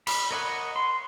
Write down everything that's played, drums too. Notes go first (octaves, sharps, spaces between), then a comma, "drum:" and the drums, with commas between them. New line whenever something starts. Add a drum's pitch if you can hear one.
B5, drum: cymbal
A#4 C#5 D#5 F#5 B5
C6